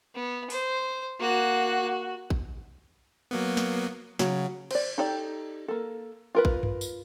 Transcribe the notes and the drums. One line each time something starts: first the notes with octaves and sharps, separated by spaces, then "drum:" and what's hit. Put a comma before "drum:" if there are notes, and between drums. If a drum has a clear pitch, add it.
B3
C5, drum: open hi-hat
A#3 F#4 F#6
drum: kick A1
F#3 A#3 B3
drum: snare
C#3 F#3, drum: snare
C5 D5, drum: cymbal
D#4 G4 A4 D5
A#3 A4
F4 A#4 B4
drum: kick A1
drum: tom F#2
drum: tambourine